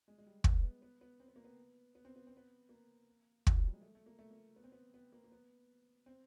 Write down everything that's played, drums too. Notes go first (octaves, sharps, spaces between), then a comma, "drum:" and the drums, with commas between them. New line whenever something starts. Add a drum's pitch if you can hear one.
G#3
G#3
G3
B3, drum: kick
B3
B3
B3
C4
B3
A#3
B3
B3
C4
B3
C4
B3
A#3
F3, drum: kick
F#3
G3
G#3
A3
A3
A#3
A3
A#3
B3
C4
B3
B3
A#3
A#3
B3
C4